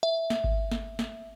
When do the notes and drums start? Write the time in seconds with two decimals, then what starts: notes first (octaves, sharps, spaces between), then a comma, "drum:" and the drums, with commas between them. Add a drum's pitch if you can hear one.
0.03 E5
0.30 drum: snare
0.44 drum: kick G#1
0.72 drum: snare
0.99 drum: snare